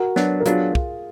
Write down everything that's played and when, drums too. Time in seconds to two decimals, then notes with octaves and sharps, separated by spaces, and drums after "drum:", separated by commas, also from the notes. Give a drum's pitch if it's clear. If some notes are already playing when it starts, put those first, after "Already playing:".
Already playing: F#4 A#4
0.16 F#3 B3 D4, drum: snare
0.40 A#4
0.46 F#3 B3 D4 F4 G#4, drum: hi-hat
0.75 drum: kick